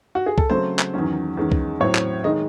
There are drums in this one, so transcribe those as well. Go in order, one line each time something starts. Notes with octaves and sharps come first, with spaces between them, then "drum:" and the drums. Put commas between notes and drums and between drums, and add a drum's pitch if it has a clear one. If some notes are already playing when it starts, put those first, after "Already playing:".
F#4
G#4
A4, drum: kick C2
C#3 F#3 A3 C4 C5
drum: clap
E2 D#3 F#3 C#4
E2 D#3 G#3 C#4
drum: kick C2
A2 F#3 C4 C#5
drum: clap
D#3 G#3 D#5